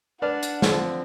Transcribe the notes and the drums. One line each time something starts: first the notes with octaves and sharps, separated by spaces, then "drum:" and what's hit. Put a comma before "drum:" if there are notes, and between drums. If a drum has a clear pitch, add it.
D4 B4 D5 F#5 F6
drum: hi-hat
D3 F3 C4, drum: snare